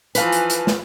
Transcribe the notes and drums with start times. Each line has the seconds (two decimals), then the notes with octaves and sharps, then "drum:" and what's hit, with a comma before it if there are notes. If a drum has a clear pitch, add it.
0.15 E3 F3 B4 F5 G#5 A5, drum: hi-hat
0.32 drum: hi-hat
0.50 drum: hi-hat
0.67 drum: snare